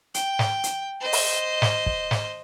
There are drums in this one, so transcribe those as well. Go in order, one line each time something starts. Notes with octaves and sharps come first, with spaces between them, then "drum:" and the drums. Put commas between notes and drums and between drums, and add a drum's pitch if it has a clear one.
G5, drum: hi-hat
drum: snare
drum: hi-hat
C5 D#5
drum: open hi-hat
drum: snare
drum: kick
drum: snare